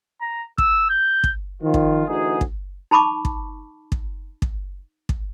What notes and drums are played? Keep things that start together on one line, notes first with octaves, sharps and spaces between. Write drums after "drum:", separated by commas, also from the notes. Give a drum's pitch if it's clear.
A#5
E6, drum: kick
G6
drum: kick
D#3 F3 F4
drum: kick
D2 D3 E3 D#4 F#4 G#4
drum: kick
D#4 A5 B5 C#6 D6
drum: kick
drum: kick
drum: kick
drum: kick